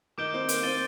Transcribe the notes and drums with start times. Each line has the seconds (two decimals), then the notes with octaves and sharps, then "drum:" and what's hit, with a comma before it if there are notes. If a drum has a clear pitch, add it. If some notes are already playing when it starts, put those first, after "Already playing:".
0.18 D#3 D#4 D6 G6 D7 G7
0.34 C4
0.49 A#3, drum: hi-hat
0.63 C4 A6 D#7 G7